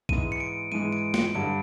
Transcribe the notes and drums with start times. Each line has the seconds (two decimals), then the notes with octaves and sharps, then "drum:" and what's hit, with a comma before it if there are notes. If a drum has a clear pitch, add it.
0.09 G#2 E3 G#3 D#7, drum: kick A#1
0.32 C#7
0.40 D7
0.72 G#2 E3 G#3 D#7
0.92 D7
1.14 C#7, drum: snare
1.35 G2 D3 G3 D7